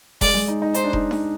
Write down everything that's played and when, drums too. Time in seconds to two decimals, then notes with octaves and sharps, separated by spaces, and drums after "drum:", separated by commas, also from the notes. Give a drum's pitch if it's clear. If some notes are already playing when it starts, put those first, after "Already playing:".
0.21 G#3 D5, drum: kick F1, open hi-hat
0.34 G#3
0.48 D#4
0.62 D#4
0.74 D#4 C5, drum: hi-hat
0.84 D4
0.93 D#4, drum: kick F1
1.11 drum: snare D#4